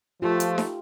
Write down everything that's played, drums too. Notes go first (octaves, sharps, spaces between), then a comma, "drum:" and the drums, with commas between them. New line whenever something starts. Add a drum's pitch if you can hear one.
F3 A3 F4 G4
drum: hi-hat
drum: snare D#4